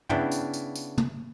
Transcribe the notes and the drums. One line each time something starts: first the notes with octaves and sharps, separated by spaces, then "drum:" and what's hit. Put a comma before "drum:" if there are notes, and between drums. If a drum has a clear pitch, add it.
C#3 B3 D4 E4 G5, drum: tom
drum: tambourine
drum: tambourine
drum: tambourine
drum: tom